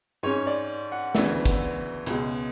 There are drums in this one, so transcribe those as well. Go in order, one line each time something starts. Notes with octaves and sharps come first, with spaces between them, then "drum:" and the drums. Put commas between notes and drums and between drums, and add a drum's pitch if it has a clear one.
G#2 G#3 C#4 C#5
D5
F#5
D2 C#3 E3 B3 D4 E5, drum: snare
drum: kick, hi-hat
C#2 B2 G#3, drum: hi-hat